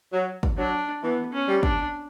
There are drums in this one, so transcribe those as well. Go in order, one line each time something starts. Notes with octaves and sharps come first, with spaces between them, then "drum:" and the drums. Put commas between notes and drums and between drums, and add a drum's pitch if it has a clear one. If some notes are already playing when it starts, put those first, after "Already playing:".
F#3
drum: kick
F#3 D4
E3 B3
C#4
G3
D4, drum: kick